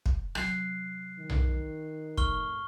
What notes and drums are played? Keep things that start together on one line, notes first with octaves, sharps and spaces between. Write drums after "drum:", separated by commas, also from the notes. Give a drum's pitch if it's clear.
drum: kick
C3 F#3 F#6 C7, drum: rim click
D#3
drum: tom B1
F2 A2 C#6 F6 G7, drum: kick